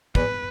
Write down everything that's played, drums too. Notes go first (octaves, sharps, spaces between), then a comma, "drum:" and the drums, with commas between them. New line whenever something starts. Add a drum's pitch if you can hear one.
E2 B4, drum: kick